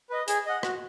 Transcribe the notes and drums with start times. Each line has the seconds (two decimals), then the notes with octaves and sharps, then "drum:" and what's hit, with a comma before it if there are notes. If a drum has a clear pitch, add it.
0.10 B4 D#5
0.28 G#4, drum: hi-hat
0.46 D#5 F#5
0.63 F#4, drum: rim click